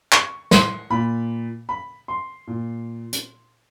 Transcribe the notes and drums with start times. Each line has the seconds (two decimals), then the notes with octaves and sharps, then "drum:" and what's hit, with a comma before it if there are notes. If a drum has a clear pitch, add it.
0.12 C#6, drum: clap
0.51 C6, drum: snare
0.90 A#2 B5
1.69 B5
2.08 C6
2.47 A#2
3.13 drum: hi-hat